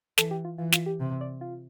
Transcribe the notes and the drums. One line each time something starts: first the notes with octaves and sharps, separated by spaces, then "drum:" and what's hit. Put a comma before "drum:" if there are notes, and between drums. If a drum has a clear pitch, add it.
E3 A4, drum: snare
G4
F4
E3 F4
F4, drum: snare
G4
C3
D5
F4